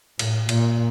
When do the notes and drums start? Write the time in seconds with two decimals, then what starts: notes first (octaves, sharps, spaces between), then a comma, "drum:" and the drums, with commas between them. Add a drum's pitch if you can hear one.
0.19 A2, drum: cymbal
0.49 A#2, drum: cymbal